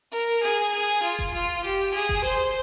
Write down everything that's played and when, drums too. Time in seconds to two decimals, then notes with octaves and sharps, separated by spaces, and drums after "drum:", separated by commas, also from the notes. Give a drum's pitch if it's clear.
0.13 A#4
0.43 G#4
0.73 G#4, drum: hi-hat
1.03 F4
1.19 drum: kick F#1, open hi-hat
1.34 F4
1.64 G4, drum: hi-hat
1.94 G#4
2.09 drum: kick F#1, hi-hat
2.24 C5